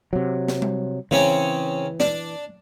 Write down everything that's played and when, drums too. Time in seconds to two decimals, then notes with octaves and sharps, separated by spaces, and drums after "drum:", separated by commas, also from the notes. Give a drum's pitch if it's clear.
0.13 C3 F#3
0.48 drum: snare
0.62 drum: tom G3
1.11 C#3 E3 C4 C#4
2.00 D4, drum: snare